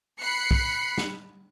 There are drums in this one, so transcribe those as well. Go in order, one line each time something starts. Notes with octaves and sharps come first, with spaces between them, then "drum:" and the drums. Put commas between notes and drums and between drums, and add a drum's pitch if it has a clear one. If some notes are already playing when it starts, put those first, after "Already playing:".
B5 F#6 C7 C#7
drum: kick
drum: snare